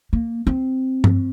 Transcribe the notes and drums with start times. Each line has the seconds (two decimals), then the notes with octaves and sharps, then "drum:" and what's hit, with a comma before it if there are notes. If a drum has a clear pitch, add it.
0.13 A#3
0.47 C4
1.04 drum: tom G2